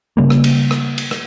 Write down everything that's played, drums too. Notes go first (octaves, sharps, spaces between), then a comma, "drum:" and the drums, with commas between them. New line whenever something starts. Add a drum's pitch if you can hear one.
C#3 G3 A#3
drum: rim click
drum: cymbal
drum: rim click
drum: cymbal
drum: rim click